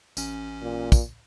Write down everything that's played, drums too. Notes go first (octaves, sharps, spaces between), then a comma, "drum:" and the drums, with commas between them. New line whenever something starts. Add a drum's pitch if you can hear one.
A1 C#4, drum: tambourine
A#2
drum: kick, tambourine